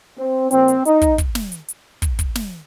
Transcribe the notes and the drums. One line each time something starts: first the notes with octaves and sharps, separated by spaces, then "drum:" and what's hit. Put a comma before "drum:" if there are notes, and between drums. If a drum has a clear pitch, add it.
C4
A#2 F3 C4, drum: hi-hat
drum: hi-hat
D#4, drum: hi-hat
drum: kick, hi-hat
drum: kick, hi-hat
drum: snare
drum: hi-hat
drum: hi-hat
drum: kick, hi-hat
drum: kick, hi-hat
drum: snare